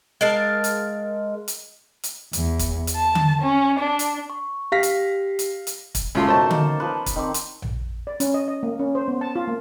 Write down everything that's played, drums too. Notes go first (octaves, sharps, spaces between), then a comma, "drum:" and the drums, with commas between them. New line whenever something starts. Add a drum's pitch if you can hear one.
G#3 A#4 F5 A5
drum: hi-hat
drum: hi-hat
drum: hi-hat
E2, drum: hi-hat
drum: kick, hi-hat
drum: hi-hat
A5
drum: tom D3
C#4
D4
drum: hi-hat
C#6
G4 F5 A#6 B6
drum: hi-hat
drum: hi-hat
drum: hi-hat
drum: kick, hi-hat
C#2 C#3 A3 A#3 F4 C6
B2 D#3 C5 A5 C#6
A#3, drum: tom D3
F3 B4
drum: kick, hi-hat
D#3 C4 D5
drum: hi-hat
drum: tom A#1
D5
C#4, drum: hi-hat
D#5
D#5
A#3
C#4
C5
B3
A5
F4
A#3